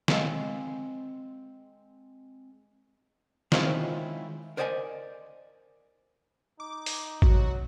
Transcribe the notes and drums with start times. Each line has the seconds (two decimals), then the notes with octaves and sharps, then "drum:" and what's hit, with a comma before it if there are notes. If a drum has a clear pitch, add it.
0.08 G#3 C4 F5 G5 G#5, drum: snare
3.52 D#3 G#3 C4 C#4 E4 F4, drum: snare
4.57 A#4 C5 D5 D#5 F#5 G#5
6.60 D#4 D6
6.86 drum: open hi-hat
7.22 F#3 F#4, drum: kick A1